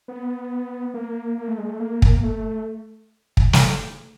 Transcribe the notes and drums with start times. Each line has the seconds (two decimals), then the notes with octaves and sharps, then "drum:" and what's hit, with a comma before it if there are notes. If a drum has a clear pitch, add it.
0.08 B3
0.94 A#3
1.38 A#3
1.48 A3
1.58 G#3
1.69 A3
1.80 A#3
2.02 drum: kick
2.23 A3
3.37 drum: kick
3.53 drum: snare